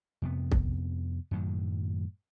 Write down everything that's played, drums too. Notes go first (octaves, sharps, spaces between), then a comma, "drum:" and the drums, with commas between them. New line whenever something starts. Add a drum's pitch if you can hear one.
F2 C3 B3
drum: kick
F#2 A2 D#3 F#3